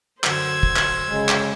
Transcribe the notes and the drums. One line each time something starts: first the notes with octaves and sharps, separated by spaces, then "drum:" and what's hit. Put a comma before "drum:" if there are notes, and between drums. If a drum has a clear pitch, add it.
F#2 D3 F#4 C5 E6 G#6, drum: clap
drum: kick
drum: clap
C#3 G#3
drum: clap